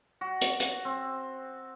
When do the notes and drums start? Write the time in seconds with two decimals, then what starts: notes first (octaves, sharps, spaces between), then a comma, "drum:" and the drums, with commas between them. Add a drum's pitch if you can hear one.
0.21 F#4
0.41 drum: hi-hat
0.60 drum: hi-hat
0.85 C4